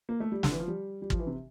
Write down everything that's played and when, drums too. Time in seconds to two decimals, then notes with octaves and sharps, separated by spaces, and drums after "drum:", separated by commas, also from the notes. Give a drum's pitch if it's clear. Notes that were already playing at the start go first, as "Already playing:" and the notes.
0.09 A#3
0.20 A3
0.32 G3
0.43 D3, drum: snare
0.51 E3
0.60 F3
0.68 G3
1.02 G3
1.10 F3, drum: kick
1.19 E3
1.27 C3